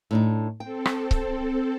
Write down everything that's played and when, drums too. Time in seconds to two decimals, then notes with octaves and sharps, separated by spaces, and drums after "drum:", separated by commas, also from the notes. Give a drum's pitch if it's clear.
0.11 A2 D4 D#4
0.60 C4 A4 G5
0.85 drum: rim click
1.11 drum: kick C#1